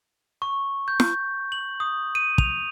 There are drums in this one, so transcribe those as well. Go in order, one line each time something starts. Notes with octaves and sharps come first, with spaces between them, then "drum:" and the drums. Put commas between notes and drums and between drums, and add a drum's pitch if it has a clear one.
C#6
G6
drum: snare
F#7
D#6
D#7
F7, drum: kick